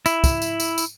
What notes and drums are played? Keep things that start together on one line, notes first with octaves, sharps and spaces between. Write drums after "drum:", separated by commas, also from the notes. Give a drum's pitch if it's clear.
E4, drum: tambourine
drum: kick, tambourine
drum: tambourine
drum: tambourine
drum: tambourine